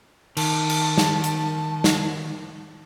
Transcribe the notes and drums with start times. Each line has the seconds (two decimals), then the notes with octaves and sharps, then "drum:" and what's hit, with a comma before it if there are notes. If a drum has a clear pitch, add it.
0.37 D#3 A5, drum: cymbal
0.70 drum: cymbal
0.98 drum: snare
1.24 drum: hi-hat
1.84 drum: snare